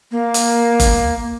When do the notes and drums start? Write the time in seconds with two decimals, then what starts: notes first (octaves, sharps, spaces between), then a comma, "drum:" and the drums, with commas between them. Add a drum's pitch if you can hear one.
0.12 A#3
0.34 drum: hi-hat
0.80 drum: kick F#1, hi-hat